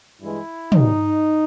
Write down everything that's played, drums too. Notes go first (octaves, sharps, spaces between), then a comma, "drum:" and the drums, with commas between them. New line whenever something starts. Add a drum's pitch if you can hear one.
G2 E3 G#3 E4
E2 B2 G3 D#4, drum: tom